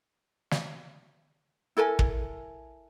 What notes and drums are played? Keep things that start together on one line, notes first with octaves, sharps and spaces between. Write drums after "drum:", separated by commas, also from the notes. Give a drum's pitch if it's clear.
drum: snare
E4 A4 A#4 G#5
drum: kick